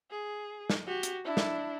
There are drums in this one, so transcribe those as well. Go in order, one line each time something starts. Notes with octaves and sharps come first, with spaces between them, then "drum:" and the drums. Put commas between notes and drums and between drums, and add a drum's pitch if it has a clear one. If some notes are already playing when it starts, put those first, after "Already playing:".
G#4
drum: snare
F#4 G4
drum: hi-hat
D4 E4
drum: snare